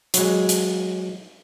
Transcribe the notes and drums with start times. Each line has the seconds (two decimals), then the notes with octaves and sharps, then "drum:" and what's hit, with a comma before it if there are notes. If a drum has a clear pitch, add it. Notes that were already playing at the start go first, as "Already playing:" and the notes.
0.14 F#3 G#3, drum: hi-hat
0.49 drum: hi-hat